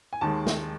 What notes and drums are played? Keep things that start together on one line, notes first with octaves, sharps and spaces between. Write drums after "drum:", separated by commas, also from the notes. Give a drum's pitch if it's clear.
G#5
D#2 D#3 G#3 A5
drum: snare